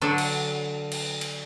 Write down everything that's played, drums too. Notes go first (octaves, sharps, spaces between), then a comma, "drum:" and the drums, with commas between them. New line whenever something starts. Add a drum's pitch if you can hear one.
D3 F#3 D4
drum: cymbal
drum: cymbal
drum: cymbal